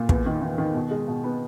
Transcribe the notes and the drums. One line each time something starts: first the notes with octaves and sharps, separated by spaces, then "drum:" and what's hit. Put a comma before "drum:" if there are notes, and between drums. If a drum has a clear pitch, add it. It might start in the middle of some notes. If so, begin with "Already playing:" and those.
Already playing: A#2
E2, drum: kick
D#3
D#3
D#3
B2
G#3
B2
B3